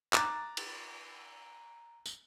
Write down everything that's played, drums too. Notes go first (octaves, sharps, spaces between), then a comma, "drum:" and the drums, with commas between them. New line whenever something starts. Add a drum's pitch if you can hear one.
A#5 D6 F#6 A6, drum: clap
drum: cymbal
drum: tambourine